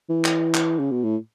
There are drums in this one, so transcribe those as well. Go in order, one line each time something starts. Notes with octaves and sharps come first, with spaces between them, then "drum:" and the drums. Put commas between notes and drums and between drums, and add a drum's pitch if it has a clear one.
E3
drum: clap
drum: clap
C#3
B2
A2